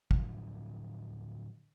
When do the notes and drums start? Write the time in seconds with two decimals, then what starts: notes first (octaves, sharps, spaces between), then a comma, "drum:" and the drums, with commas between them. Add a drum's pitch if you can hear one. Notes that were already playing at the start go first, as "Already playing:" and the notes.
0.11 A2 D3 F3 F#3, drum: kick